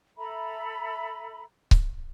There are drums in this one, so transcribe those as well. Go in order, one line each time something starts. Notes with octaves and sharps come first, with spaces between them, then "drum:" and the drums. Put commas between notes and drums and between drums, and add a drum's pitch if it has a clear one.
A4 E5 A#5 B5
drum: kick C#1